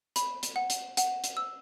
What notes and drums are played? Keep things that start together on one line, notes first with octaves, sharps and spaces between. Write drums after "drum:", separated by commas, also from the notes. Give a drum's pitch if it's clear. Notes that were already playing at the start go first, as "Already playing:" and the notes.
B5, drum: hi-hat
drum: hi-hat
F#5
drum: hi-hat
F#5, drum: hi-hat
drum: hi-hat
E6